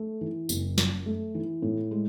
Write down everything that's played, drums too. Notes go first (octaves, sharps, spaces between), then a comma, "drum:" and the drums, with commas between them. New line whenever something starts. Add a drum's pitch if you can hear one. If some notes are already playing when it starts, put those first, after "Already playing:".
Already playing: A3
E3
F#1, drum: tambourine
F#2, drum: snare
A3
E3
A2
G#3